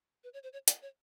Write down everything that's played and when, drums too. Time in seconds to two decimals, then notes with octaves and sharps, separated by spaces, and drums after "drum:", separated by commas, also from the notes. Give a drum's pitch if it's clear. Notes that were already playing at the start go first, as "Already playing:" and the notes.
0.24 B4
0.34 C#5
0.43 C5
0.53 C#5
0.68 D5, drum: hi-hat
0.82 C#5